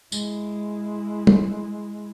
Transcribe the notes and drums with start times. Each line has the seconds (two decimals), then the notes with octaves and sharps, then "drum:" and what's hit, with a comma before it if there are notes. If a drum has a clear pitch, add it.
0.12 G#3 E4, drum: tambourine
1.27 drum: tom G3